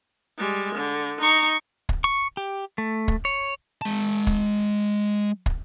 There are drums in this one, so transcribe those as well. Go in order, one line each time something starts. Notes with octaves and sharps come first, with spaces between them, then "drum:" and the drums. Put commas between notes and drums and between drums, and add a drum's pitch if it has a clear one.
G3 G#3
D3
D#4 C#6
drum: kick
C#6
G4
A3
drum: kick
C#5
G#3 A5
drum: kick
drum: kick